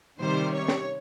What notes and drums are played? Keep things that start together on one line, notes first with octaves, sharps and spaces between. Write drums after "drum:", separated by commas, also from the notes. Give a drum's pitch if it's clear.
C3 D#3 G3 C5
C#5
drum: snare